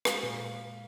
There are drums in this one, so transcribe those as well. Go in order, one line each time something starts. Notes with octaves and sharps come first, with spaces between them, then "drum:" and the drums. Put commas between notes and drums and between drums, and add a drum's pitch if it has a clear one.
G#3 F5, drum: rim click
A#2